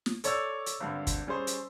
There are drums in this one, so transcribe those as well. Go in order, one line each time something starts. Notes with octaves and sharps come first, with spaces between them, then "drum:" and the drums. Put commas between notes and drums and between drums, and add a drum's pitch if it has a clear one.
drum: snare
A4 C#5 D5 E6 G6, drum: hi-hat
drum: hi-hat
G#1 G2 D3
drum: kick, hi-hat
G3 C#4 G#4 C5
drum: hi-hat